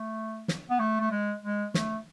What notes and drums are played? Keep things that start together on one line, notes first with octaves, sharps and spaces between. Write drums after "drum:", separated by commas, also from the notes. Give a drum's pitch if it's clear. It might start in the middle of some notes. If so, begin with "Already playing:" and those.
Already playing: A3
drum: snare
B3
A3
A3
G#3
G#3
A3, drum: snare